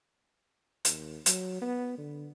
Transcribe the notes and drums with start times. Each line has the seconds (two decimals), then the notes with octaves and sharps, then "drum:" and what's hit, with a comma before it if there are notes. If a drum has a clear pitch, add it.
0.85 D#2, drum: hi-hat
1.26 F#3, drum: hi-hat
1.61 B3
1.98 D3